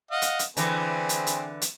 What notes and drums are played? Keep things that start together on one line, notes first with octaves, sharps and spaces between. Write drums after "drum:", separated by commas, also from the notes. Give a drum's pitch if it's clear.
D#5 F5 F#5
drum: hi-hat
drum: hi-hat
D3 E3 C4 G#4 B4, drum: hi-hat
drum: hi-hat
drum: hi-hat
drum: hi-hat